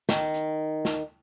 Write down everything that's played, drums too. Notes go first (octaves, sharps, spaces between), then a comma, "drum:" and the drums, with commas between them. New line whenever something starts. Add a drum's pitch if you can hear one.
D#3, drum: snare
drum: hi-hat
drum: snare